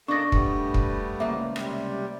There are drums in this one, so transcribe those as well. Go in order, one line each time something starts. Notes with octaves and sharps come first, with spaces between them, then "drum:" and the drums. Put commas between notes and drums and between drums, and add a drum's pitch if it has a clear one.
A#3 D4 A4 D#5 C#6 A#6
G3 A3 B3, drum: kick
drum: kick
C#2 A#3 E5
C3 G3, drum: rim click